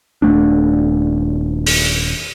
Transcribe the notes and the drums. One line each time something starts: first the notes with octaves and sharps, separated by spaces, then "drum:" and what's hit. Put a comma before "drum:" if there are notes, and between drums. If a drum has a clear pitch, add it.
D#1 A3 D4
drum: open hi-hat